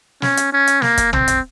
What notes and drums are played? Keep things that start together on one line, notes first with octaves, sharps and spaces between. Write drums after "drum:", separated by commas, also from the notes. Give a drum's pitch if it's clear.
C#4, drum: snare
drum: hi-hat
C#4
drum: hi-hat
A#3, drum: snare
drum: kick, hi-hat
C4, drum: tom
drum: hi-hat